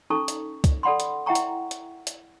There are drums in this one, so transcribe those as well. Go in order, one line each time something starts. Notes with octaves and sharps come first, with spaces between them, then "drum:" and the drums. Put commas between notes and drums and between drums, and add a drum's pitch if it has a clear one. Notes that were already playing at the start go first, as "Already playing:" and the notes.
C#4 D#4 A4 A#5 C#6
drum: hi-hat
drum: kick, hi-hat
A4 D5 F#5 B5 C6
drum: hi-hat
E4 E5 F#5 G5 A#5 C#6
drum: hi-hat
drum: hi-hat
drum: hi-hat